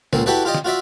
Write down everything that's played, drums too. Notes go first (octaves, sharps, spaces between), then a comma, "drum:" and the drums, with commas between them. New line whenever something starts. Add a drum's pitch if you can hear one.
C#2 A#2 D3 C4, drum: snare
E4 F#4 G4 A4 B4 D5
F4 G4 D5 D#5
drum: snare
F4 F#4 D5 E5